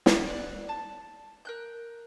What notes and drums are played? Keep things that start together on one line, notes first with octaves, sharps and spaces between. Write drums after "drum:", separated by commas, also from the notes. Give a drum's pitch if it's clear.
A#4, drum: snare
D5 F#6
A5
A#4 F#6 G6